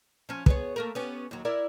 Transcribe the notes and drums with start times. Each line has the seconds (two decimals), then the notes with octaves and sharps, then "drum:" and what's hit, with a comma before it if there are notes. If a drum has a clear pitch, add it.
0.29 F3 C#4
0.46 B3 G#4 C#5, drum: kick
0.76 A3 A#3 A#4
0.95 B3 C#4 G4
1.31 D#2 F#3
1.45 E4 A#4 D5